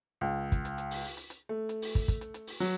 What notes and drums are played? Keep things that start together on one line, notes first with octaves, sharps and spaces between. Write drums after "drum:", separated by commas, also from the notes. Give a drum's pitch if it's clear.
C#2
drum: kick, hi-hat
drum: hi-hat
drum: hi-hat
drum: open hi-hat
drum: open hi-hat
drum: hi-hat
drum: hi-hat
A3
drum: hi-hat
drum: open hi-hat
drum: kick, hi-hat
drum: kick, hi-hat
drum: hi-hat
drum: hi-hat
drum: open hi-hat
F#3, drum: open hi-hat